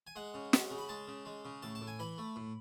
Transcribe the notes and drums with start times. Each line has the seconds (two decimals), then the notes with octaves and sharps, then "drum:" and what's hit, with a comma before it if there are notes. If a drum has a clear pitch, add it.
0.07 G#5
0.16 G#3 F#5
0.34 C#3
0.53 G#3, drum: snare
0.70 C#3
0.78 B5
0.89 G#3 A5
1.08 C#3
1.26 G#3
1.45 C#3
1.63 A2 A5
1.75 A5
1.81 A2
1.87 G#5
1.99 E3 B5
2.18 A3
2.36 A2